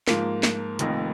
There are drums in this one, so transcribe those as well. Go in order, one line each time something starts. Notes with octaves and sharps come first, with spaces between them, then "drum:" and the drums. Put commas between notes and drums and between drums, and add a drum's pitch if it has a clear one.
G#2 F3 A#3, drum: snare
drum: snare
F1 F2 D#3 A#3 D#4, drum: hi-hat